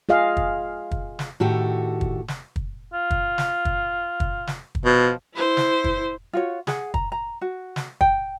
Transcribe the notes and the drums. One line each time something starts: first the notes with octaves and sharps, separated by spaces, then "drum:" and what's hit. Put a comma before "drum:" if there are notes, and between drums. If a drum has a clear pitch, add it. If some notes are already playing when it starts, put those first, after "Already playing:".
F4 G#4 D#5 F5
drum: kick
drum: kick
drum: snare
A2 D#3 F#4 G4 A4
drum: kick
drum: snare
drum: kick
F4
drum: kick
drum: snare
drum: kick
drum: kick
drum: snare
drum: kick
B2 F3
E4 C5
drum: snare
drum: kick
F4 F#4 C#5
G#4 F#5, drum: snare
A#5, drum: kick
A#5
F#4
drum: snare
G5, drum: kick